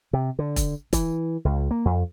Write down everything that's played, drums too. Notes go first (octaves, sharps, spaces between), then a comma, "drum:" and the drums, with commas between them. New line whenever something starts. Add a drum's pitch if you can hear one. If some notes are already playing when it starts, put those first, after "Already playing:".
C3
D3
drum: kick E1, hi-hat
E3, drum: kick E1, hi-hat
C#2
A#3
F2